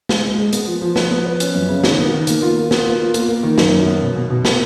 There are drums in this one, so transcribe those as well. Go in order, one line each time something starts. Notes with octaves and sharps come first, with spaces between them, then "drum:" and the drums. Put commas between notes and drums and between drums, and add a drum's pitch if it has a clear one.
G#3, drum: snare
G#3
G#3
B3, drum: hi-hat
F3
F3
B4, drum: snare
B3
B4
C#4, drum: hi-hat
F#2
C#3
D#3, drum: snare
B3
D#3
A#3, drum: hi-hat
F4
A#3
B3, drum: snare
F4
F4
A#3, drum: hi-hat
A#3
D#3
F#2, drum: snare
F#2
B3
B2
B2
B2
A#4, drum: snare